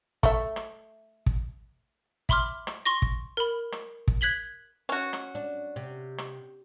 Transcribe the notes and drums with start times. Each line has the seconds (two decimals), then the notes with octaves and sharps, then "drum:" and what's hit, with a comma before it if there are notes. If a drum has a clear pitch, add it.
0.23 A3 E5, drum: kick
0.56 drum: rim click
1.26 drum: kick
2.29 E5 B5 C6 D6 F6, drum: kick
2.67 drum: rim click
2.85 C6 C#6 A#6
3.02 drum: kick
3.37 A#4 B5
3.72 drum: rim click
4.08 drum: kick
4.21 F#6 G#6 B6 F#7 G7
4.89 C#4 F#4
5.13 drum: rim click
5.35 D4
5.76 C3
6.18 drum: rim click